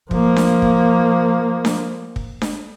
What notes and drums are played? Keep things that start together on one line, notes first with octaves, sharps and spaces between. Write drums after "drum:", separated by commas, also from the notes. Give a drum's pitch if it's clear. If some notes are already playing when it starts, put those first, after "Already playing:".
F3 A#3, drum: kick
drum: snare D4
drum: kick
drum: snare D4
drum: kick
drum: snare D4